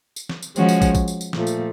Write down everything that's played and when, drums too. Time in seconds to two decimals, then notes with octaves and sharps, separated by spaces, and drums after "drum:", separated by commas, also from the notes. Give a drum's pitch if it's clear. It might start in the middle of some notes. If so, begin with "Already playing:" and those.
0.16 drum: tambourine
0.29 drum: snare
0.42 drum: tambourine
0.56 F3 G#3 C#4 F#4, drum: tambourine
0.69 drum: tambourine
0.82 drum: kick, tambourine
0.95 drum: kick, tambourine
1.08 drum: tambourine
1.21 drum: tambourine
1.33 A#2 F3 A3, drum: snare
1.47 drum: tambourine